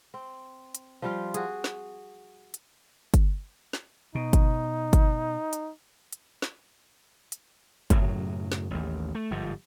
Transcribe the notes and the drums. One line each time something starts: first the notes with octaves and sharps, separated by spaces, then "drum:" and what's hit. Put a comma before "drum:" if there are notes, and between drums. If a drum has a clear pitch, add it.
C4
drum: hi-hat
F3 G3 F4
F#4 G#4, drum: hi-hat
drum: snare
drum: hi-hat
drum: kick G1, hi-hat
drum: snare
B2 D#4
drum: kick G1, hi-hat
drum: kick G1, hi-hat
drum: hi-hat
drum: hi-hat
drum: snare
drum: hi-hat
F#2 A2 C#3 F#3, drum: kick G1, hi-hat
drum: snare
A1 D#2
A3
G1 G#2 F3